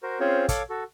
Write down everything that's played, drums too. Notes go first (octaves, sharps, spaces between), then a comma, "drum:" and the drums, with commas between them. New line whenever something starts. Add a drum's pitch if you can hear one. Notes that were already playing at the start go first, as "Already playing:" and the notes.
F#4 A#4 C5
C4 C#4 F4 G#4 C5 C#5
A4 C#5 F5 C#6 D6, drum: kick, hi-hat
F#4 A4